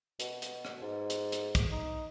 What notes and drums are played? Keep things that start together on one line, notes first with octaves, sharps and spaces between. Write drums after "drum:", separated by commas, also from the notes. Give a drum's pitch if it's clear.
B2, drum: hi-hat
drum: hi-hat
drum: rim click
G#2
drum: hi-hat
drum: hi-hat
drum: kick, hi-hat
D#4